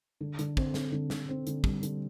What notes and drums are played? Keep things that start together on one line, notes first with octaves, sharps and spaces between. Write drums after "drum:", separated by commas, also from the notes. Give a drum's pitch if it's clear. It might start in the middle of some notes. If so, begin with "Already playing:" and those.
D3
D3, drum: hi-hat
C4, drum: kick
C4, drum: snare
D3
D3, drum: snare
C4
D3, drum: hi-hat
G3, drum: kick
D3, drum: hi-hat